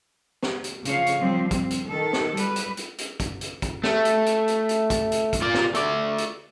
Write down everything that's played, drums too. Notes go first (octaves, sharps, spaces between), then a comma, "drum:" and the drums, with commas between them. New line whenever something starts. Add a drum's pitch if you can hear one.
drum: snare
drum: hi-hat
C#3 F3 C#5 F5, drum: hi-hat
drum: hi-hat
F3 G3 C4
C4, drum: kick, hi-hat
drum: hi-hat
D#3 A4
drum: snare
G3 B4, drum: hi-hat
drum: hi-hat
drum: hi-hat
drum: hi-hat
drum: kick, hi-hat
drum: hi-hat
drum: kick, hi-hat
A3, drum: snare
drum: hi-hat
drum: hi-hat
drum: hi-hat
drum: hi-hat
drum: kick, hi-hat
drum: hi-hat
drum: kick, hi-hat
F4 D5
drum: snare
A3 D5, drum: hi-hat
drum: hi-hat